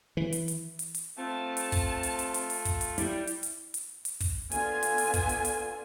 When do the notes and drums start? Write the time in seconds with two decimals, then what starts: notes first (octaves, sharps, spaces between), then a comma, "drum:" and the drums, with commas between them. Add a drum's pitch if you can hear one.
0.17 E3
0.32 drum: hi-hat
0.48 drum: hi-hat
0.79 drum: hi-hat
0.95 drum: hi-hat
1.18 A3 C4 F4 A5
1.57 drum: hi-hat
1.72 drum: kick, open hi-hat
2.03 drum: hi-hat
2.19 drum: hi-hat
2.34 drum: hi-hat
2.50 drum: open hi-hat
2.65 drum: kick, hi-hat
2.81 drum: hi-hat
2.98 G3 E4, drum: hi-hat
3.27 drum: hi-hat
3.43 drum: hi-hat
3.74 drum: hi-hat
4.05 drum: hi-hat
4.20 drum: kick, open hi-hat
4.52 D3 B3 F4 G#5, drum: hi-hat
4.83 drum: hi-hat
4.98 drum: open hi-hat
5.14 drum: kick, hi-hat
5.29 drum: hi-hat
5.45 drum: hi-hat